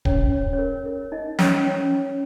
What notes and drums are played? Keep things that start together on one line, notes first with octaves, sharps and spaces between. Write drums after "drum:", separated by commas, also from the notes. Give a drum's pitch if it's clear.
C#4 C#5, drum: kick D1
C#4 C#5
C#5
A#4
A#4
D#4 D#5
C#4 C#5, drum: snare
C#4 C#5